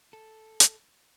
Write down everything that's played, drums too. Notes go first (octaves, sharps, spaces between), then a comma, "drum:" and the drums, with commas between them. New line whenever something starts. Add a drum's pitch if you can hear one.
A4
drum: hi-hat